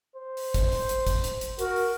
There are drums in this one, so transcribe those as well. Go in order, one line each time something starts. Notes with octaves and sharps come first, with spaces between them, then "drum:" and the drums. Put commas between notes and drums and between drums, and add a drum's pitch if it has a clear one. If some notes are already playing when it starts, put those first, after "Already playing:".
C5
drum: open hi-hat
drum: kick, hi-hat
drum: open hi-hat
drum: hi-hat
drum: kick, hi-hat
drum: hi-hat
drum: hi-hat
F#4 A#4, drum: hi-hat
drum: open hi-hat